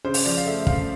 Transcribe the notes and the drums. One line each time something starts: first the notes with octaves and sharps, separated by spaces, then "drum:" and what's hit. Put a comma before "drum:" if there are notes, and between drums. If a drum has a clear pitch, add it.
C#3 C5
drum: open hi-hat
F3 D5
F5
A3 E5
C#3 F5, drum: kick